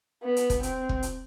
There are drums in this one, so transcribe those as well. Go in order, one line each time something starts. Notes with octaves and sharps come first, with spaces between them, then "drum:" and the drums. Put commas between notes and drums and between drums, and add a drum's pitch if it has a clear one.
B3
drum: hi-hat
drum: kick, hi-hat
C4, drum: hi-hat
drum: kick
drum: hi-hat